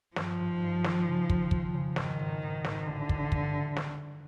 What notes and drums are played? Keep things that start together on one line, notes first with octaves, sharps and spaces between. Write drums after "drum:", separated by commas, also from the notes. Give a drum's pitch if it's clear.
G2 F3, drum: snare
G#1
G2
D#3, drum: snare
C#3
F2, drum: kick
F2, drum: kick
C#3
G#1 D#3, drum: snare
G#1
G#1
G#1, drum: snare
A1 D3
A1, drum: kick
G2, drum: kick
drum: snare